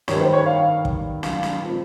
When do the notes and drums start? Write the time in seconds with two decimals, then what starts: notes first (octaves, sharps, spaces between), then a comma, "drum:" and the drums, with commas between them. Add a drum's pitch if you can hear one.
0.08 G2 D#3 G3 C#5, drum: snare
0.21 C5
0.33 C#5
0.46 F5
0.85 drum: kick
1.23 F5, drum: snare
1.43 drum: snare
1.62 A#2 F3 G#3 C4